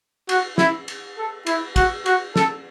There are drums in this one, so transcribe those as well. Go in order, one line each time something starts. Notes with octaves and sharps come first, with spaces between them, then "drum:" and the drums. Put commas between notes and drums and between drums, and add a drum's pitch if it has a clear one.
F#4, drum: cymbal
E4, drum: snare
drum: cymbal
A4
E4, drum: cymbal
F#4, drum: kick, cymbal
F#4, drum: cymbal
A4, drum: snare